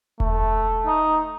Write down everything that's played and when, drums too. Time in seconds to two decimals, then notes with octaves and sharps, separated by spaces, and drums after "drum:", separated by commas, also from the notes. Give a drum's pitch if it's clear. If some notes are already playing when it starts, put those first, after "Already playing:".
0.20 A3, drum: kick E1
0.86 D#4